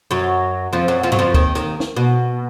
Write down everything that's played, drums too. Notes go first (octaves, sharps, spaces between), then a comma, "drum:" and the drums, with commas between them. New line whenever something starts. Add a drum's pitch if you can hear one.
F#2 F#3
F2 F3
F#2 F#3
F2 F3
F#3, drum: tom G2
F2 F3
D#2 D#3, drum: kick
D#2 D#3, drum: hi-hat
drum: snare
B2